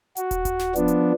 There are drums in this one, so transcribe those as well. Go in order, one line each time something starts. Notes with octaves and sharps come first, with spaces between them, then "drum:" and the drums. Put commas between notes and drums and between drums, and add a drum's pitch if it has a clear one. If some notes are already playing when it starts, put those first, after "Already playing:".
F#4, drum: hi-hat
drum: kick, hi-hat
drum: kick, hi-hat
drum: snare
F3 B3 D4, drum: hi-hat
drum: hi-hat